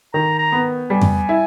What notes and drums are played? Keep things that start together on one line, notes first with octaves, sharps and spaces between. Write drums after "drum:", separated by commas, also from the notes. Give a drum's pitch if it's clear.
D#3 A#5
A#5
B3
G3 G#5
drum: tom F2
E4